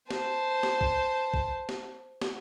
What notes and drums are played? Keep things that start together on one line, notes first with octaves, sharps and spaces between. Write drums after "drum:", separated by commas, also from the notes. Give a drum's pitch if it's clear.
C5 A5, drum: snare
drum: snare
drum: kick A#1
drum: kick A#1
drum: snare
drum: snare